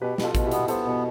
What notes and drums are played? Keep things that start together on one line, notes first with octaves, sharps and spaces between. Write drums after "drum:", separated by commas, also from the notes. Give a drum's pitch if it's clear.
B2 G4 B4
B2, drum: snare
F4 A4
B2, drum: kick A1, hi-hat
E4 G4
B3, drum: hi-hat
B3 A4 C5, drum: hi-hat
B2